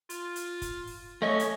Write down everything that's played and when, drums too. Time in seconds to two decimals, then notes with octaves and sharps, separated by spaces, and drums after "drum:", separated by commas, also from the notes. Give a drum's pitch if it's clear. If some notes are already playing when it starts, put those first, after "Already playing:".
0.10 F4, drum: hi-hat
0.36 drum: hi-hat
0.62 drum: kick, hi-hat
0.88 drum: open hi-hat
1.22 A3 C#4 D#5
1.39 drum: hi-hat